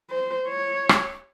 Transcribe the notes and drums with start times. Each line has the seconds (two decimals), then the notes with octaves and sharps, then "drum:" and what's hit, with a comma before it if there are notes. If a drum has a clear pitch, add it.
0.10 C5
0.47 C#5
0.89 drum: rim click